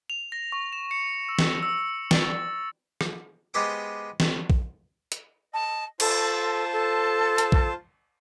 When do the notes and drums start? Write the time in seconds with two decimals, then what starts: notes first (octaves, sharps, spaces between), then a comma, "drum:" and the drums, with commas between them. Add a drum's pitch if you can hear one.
0.10 F7
0.32 A#6
0.52 C#6
0.73 E7
0.91 C#7
1.29 E6
1.39 drum: snare
1.63 E6
2.11 A6, drum: snare
3.01 drum: rim click
3.54 G#3 B3 G4 C5 G5 D6
4.20 drum: snare
4.50 drum: kick
5.12 drum: hi-hat
5.53 D#5 A5
6.00 F4 A4 C5 A5, drum: cymbal
6.72 A4
7.38 drum: hi-hat
7.52 drum: kick